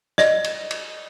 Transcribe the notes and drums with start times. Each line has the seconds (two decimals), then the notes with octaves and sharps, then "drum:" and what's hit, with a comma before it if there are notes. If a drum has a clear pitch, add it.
0.18 D5 D#5, drum: snare
0.44 drum: cymbal
0.71 drum: cymbal